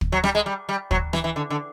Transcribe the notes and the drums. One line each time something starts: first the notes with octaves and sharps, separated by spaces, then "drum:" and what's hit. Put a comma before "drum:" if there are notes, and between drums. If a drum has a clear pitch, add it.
drum: kick
F#3
G3, drum: rim click
G#3
G3
G3
F#3, drum: kick
E3, drum: rim click
E3
D3
D3